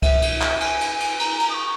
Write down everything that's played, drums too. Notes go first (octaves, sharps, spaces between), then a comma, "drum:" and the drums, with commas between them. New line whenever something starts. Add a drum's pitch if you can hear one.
E5, drum: kick C2, cymbal
drum: cymbal
drum: clap
G#5, drum: cymbal
drum: cymbal
drum: cymbal
A#5, drum: cymbal
drum: cymbal
D#6
C#6